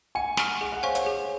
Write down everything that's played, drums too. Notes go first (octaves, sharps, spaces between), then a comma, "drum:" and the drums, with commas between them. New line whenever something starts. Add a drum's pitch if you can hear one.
F#5 G#5
C#6 F6, drum: snare
G#4 F#5
F#5
C5 C#5 F5 G#5 C#6
C#5, drum: hi-hat
G#4